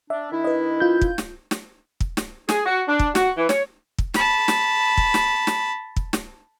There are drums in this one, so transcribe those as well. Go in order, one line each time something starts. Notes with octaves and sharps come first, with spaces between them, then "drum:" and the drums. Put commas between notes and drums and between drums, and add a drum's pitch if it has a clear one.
D4 E5
D#3 D4 E4
B4 D#5
F4 G6
drum: kick
drum: snare
drum: snare
drum: kick
drum: snare
G#4, drum: snare
F#4
D4
drum: kick
F#4, drum: snare
E3
C#5, drum: snare
drum: kick
A5 B5, drum: snare
drum: snare
drum: kick
drum: snare
drum: snare
drum: kick
drum: snare